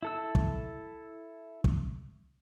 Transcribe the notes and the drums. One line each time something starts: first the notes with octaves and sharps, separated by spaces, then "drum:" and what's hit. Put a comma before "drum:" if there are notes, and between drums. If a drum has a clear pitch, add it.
E4 A4 E6
drum: kick
drum: kick